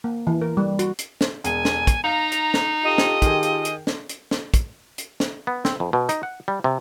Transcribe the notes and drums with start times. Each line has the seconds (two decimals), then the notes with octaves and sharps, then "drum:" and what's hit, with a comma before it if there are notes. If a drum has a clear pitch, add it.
0.04 A#3
0.27 E3
0.41 A#4
0.57 G3
0.79 F#4, drum: hi-hat
0.99 drum: hi-hat
1.21 drum: snare
1.44 E1 G#4 G#5, drum: hi-hat
1.65 drum: snare
1.87 drum: kick, hi-hat
2.04 D#4 F5 A#5
2.32 drum: hi-hat
2.54 drum: snare
2.84 F4 G4 A4 D#5
2.98 drum: snare
3.22 D#3 G#4, drum: kick, hi-hat
3.43 drum: hi-hat
3.65 drum: hi-hat
3.87 drum: snare
4.09 drum: hi-hat
4.31 drum: snare
4.54 drum: kick, hi-hat
4.98 drum: hi-hat
5.20 drum: snare
5.47 B3
5.65 C4, drum: snare
5.80 F2
5.93 B2
6.09 D#4, drum: hi-hat
6.23 F#5
6.48 G3
6.64 C3